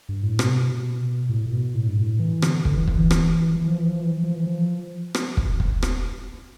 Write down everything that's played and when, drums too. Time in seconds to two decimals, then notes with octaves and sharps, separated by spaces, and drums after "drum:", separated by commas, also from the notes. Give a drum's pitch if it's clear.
0.09 G2
0.23 A2
0.39 B2, drum: rim click
0.48 C3
0.59 B2
1.29 A2
1.46 A2
1.52 B2
1.75 A2
1.88 G2
1.98 A2
2.20 E3
2.42 D3, drum: rim click
2.65 D3, drum: kick
2.76 E3
2.88 E3, drum: kick
2.99 E3
3.11 drum: rim click
3.56 E3
3.67 F3
3.79 E3
3.89 F3
4.01 E3
4.24 F3
4.35 E3
4.47 F3
5.15 drum: rim click
5.37 drum: kick
5.60 drum: kick
5.82 drum: rim click